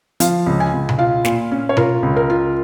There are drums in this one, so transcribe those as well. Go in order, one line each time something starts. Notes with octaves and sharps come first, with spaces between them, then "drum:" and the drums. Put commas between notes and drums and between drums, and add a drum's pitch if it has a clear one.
F3 F5, drum: hi-hat
C#2
G#5
C#2
drum: tom B2
F4 F5
A#2, drum: snare
C#4
C#5
F4 A#4, drum: tom B2
C#2
A#4
F4